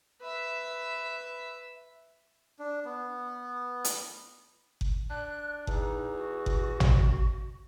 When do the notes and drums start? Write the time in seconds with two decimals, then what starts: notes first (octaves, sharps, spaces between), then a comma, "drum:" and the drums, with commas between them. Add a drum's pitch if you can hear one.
0.22 B4 E5
2.59 D4
2.85 B3
3.84 drum: hi-hat
4.81 drum: kick F#1
5.10 D4 F#6
5.67 E2 D#4, drum: kick F#1
6.16 F#4
6.46 drum: kick F#1
6.80 drum: tom